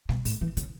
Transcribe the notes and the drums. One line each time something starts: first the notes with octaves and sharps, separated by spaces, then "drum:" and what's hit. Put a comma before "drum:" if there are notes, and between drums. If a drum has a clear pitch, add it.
B2, drum: snare G3
A2, drum: open hi-hat
E3
C#3, drum: hi-hat